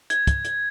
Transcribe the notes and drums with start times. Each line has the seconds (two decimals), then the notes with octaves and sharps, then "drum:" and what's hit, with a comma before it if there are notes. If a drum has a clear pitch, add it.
0.10 G#6, drum: hi-hat
0.27 drum: kick, hi-hat
0.45 drum: hi-hat